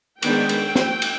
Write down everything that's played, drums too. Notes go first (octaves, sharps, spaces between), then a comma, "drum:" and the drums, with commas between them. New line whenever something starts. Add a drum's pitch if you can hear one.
D#3 G#3 B3 D4 G5, drum: cymbal
drum: cymbal
drum: snare
drum: cymbal